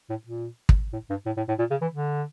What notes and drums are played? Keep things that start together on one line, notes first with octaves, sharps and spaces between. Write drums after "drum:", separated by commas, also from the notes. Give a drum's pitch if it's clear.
A2
A#2
drum: kick
A2
G2
A2
A2
A2
A#2
C#3
E3
D3